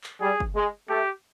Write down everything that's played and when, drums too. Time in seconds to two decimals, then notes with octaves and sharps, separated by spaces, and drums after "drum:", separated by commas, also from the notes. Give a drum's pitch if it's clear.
0.04 drum: clap
0.21 G3 G#4
0.40 drum: kick
0.55 G#3
0.89 A3 G4